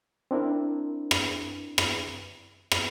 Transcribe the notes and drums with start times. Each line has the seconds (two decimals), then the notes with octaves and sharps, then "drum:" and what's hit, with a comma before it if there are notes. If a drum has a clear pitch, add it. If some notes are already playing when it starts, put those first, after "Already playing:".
0.31 C4 D4 E4 A#4
1.11 drum: rim click
1.78 drum: rim click
2.71 drum: rim click